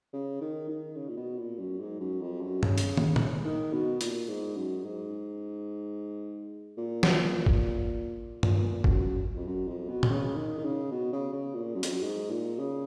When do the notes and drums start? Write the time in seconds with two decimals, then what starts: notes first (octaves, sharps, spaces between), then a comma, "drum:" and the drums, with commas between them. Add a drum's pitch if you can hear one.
0.13 C#3
0.41 D#3
0.69 D#3
0.96 C#3
1.09 A#2
1.17 B2
1.38 A#2
1.59 F#2
1.79 G#2
2.00 F#2
2.21 F2
2.41 F#2
2.63 C#3, drum: tom G2
2.78 drum: hi-hat
2.97 drum: tom
3.16 drum: tom
3.45 D#3
3.73 B2
4.01 A#2, drum: hi-hat
4.29 G#2
4.56 F#2
4.84 G#2
6.77 A#2
7.03 drum: snare
7.46 drum: kick
8.43 A#2, drum: tom G2
8.84 F#2, drum: kick
9.36 F2
9.47 F#2
9.68 F2
9.88 B2
10.03 B2, drum: tom
10.09 C#3
10.37 D#3
10.58 D#3
10.64 C#3
10.92 B2
11.13 C#3
11.33 C#3
11.54 A#2
11.75 F#2
11.83 F2, drum: hi-hat
11.91 F#2
12.02 G#2
12.30 A#2
12.58 C#3